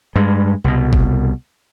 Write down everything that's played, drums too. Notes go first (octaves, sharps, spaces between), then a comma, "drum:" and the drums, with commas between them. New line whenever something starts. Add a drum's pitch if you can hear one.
G2 G#3
C2 B2
drum: kick